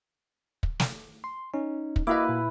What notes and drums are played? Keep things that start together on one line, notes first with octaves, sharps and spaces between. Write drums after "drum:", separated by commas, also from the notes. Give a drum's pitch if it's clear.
drum: kick
drum: snare
C6
C#4 D#4
drum: kick
A#3 E4 F#4 B4 D#5 F5 B5 D6
A#2